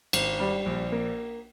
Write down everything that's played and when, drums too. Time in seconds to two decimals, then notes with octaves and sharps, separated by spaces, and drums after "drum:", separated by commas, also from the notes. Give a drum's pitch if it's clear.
0.13 G#1, drum: cymbal
0.40 G3
0.66 A#1
0.92 A#3